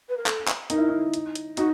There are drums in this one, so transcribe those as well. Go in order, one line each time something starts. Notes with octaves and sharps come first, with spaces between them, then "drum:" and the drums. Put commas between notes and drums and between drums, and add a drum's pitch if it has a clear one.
B4
A#4
A4, drum: clap
drum: clap
D#4 A#4, drum: hi-hat
E4
D#4
drum: hi-hat
drum: hi-hat
D#4 F#4, drum: hi-hat